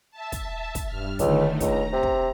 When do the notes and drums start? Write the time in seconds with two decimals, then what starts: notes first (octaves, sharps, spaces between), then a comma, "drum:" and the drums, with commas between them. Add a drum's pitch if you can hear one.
0.11 E5 A5
0.32 drum: kick, hi-hat
0.75 drum: kick, hi-hat
0.86 G2 F6
1.19 C#2 D3 D#3 A3, drum: kick, hi-hat
1.60 C#2 A#5, drum: kick, hi-hat
1.93 C3
2.03 drum: kick